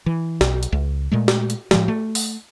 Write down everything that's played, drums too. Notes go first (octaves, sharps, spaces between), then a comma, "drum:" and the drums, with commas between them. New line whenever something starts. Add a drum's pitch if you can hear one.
E3
B1, drum: snare
drum: hi-hat
C#2
A#2 G#3 A3
drum: snare
drum: hi-hat
A2 F3 G#3, drum: snare
A3
drum: open hi-hat